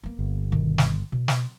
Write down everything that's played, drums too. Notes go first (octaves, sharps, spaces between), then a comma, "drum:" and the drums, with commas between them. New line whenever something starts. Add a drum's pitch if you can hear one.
A#3 B3
G1
B2 D#3
drum: snare
B2
drum: snare